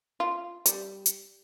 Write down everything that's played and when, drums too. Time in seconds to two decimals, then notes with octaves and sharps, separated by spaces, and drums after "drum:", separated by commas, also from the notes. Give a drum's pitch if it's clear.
0.20 F4
0.66 G3, drum: hi-hat
1.06 drum: hi-hat